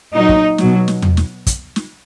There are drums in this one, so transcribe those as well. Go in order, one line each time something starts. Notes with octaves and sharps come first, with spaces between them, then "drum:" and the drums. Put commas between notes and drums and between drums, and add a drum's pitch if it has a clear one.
A#2 F#3 D#4
drum: kick
B2 F#3, drum: snare
drum: snare
drum: tom E2
drum: snare
drum: kick, hi-hat
drum: snare